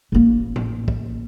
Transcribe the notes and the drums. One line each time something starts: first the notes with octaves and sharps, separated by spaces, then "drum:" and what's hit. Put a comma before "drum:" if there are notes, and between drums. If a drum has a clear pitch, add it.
A1 A#3
drum: tom A2
drum: kick